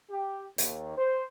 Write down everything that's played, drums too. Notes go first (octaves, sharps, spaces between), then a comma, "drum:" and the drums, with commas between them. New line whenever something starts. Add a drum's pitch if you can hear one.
G4
D#2, drum: hi-hat
C5